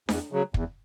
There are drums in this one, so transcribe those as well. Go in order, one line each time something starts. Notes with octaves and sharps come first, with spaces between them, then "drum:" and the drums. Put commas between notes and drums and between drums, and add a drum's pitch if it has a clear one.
E2, drum: snare D4
C#3 F#3
E2, drum: kick